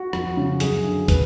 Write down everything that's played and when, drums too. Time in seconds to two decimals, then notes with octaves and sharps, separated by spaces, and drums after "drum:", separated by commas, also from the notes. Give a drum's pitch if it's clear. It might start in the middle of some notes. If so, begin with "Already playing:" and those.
Already playing: F#4
0.13 F2, drum: rim click
0.37 C#3
0.60 F#2 G#4, drum: hi-hat
0.84 D3
1.08 B4, drum: kick, hi-hat